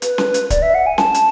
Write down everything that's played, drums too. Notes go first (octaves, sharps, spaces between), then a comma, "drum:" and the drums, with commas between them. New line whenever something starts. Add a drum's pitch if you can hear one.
B4, drum: hi-hat
drum: snare C#4
drum: hi-hat
D5, drum: kick D1, hi-hat
E5
F#5
G#5
A5, drum: snare C#4
drum: hi-hat